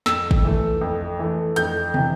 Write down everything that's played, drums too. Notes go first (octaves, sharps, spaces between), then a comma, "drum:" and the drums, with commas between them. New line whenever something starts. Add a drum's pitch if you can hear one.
F2 E6, drum: snare
drum: kick
E3 A3
F2
E3 A3
F2 G6, drum: hi-hat
C3 E3, drum: tom